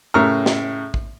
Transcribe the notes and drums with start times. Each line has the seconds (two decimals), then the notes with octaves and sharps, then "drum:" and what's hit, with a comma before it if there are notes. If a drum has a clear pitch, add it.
0.14 A2 C#3 A#4 E5 A#5 F6
0.46 drum: snare
0.94 drum: kick A1